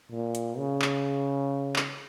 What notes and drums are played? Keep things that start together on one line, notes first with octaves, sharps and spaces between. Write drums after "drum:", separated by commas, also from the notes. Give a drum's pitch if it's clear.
A#2
drum: hi-hat
C#3
drum: clap
drum: clap